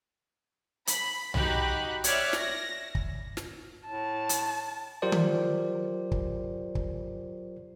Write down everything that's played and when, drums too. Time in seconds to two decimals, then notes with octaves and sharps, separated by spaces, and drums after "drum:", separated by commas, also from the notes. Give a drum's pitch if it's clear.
0.87 B5, drum: hi-hat
1.34 D#4 F#4 G4 B5 F#6, drum: tom B1
2.04 C#5 D5 E5 F6 F#6, drum: hi-hat
2.33 A#6, drum: snare
2.95 drum: kick
3.37 drum: snare
3.86 A2 A5
4.29 drum: hi-hat
5.02 F#3 F4 G4 A#4 C5 D5
5.12 drum: tom D#3
6.12 drum: kick
6.75 drum: kick